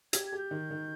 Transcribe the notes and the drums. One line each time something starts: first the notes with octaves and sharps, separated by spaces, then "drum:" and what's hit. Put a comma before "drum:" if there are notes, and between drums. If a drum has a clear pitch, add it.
G4 G#6, drum: hi-hat
G#6
G4
G6
D#3
D#3